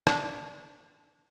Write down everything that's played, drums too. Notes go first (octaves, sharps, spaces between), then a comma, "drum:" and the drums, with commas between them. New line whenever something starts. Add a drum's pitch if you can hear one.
D4, drum: rim click